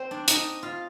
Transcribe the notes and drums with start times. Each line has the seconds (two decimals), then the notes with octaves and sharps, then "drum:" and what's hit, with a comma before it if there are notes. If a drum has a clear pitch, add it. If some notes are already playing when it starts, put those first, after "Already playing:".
Already playing: C4 C5
0.11 D4 D5
0.28 D#4 D#5, drum: hi-hat
0.63 F4 F5